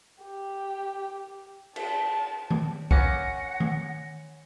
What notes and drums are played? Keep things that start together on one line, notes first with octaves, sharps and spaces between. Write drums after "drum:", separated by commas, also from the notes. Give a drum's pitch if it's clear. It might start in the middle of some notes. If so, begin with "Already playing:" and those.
G4
A5, drum: cymbal
drum: tom D#3
A#3 B3 C#4 F#5 A#6 C#7, drum: kick
drum: tom D#3